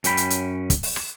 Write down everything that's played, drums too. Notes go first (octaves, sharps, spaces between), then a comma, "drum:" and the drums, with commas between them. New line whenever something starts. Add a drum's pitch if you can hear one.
F#2 C#4 G5 B5, drum: hi-hat
drum: hi-hat
drum: hi-hat
drum: kick, hi-hat
drum: open hi-hat
drum: rim click